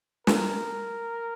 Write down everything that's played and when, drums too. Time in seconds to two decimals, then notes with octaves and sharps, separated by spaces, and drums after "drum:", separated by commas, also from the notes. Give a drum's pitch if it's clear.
0.27 A#4, drum: snare